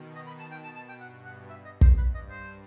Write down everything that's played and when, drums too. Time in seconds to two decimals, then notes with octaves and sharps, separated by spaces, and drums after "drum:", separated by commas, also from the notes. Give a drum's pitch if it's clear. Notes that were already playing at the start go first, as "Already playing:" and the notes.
Already playing: B2 D#3
0.15 D#5
0.27 B5
0.39 A5
0.51 B2 G5
0.63 A5
0.75 A5
0.88 G5
1.00 G2 F#5
1.25 F#5
1.49 E5
1.65 D#5
1.81 C5, drum: kick
1.97 G2 B4
2.14 D#5
2.30 C5